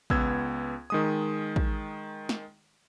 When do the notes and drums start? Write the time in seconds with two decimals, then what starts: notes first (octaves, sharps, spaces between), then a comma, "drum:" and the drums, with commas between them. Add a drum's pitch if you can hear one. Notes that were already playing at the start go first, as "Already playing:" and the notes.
0.10 C#2 B3 E6 G#6, drum: kick
0.90 D#3 G#3 D#6
1.56 drum: kick
2.29 drum: snare